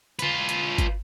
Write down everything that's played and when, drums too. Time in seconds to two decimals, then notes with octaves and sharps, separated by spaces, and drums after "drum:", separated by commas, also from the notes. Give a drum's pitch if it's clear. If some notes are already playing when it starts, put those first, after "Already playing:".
0.19 F4 B4, drum: hi-hat
0.49 drum: hi-hat
0.78 drum: kick G1, hi-hat